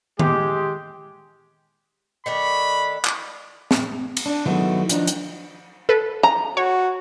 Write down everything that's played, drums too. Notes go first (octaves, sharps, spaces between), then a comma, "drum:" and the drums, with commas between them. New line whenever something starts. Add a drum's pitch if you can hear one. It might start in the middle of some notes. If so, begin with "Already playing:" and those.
G#3 G4, drum: tom D#3
D#3 A3 D4 B5
drum: clap
drum: snare
drum: cymbal
D4
D#3 E3 F#3 G#3 A3 B3
F3 D4 D#4, drum: hi-hat
drum: hi-hat
A4 B4
A#5
F#4 C#5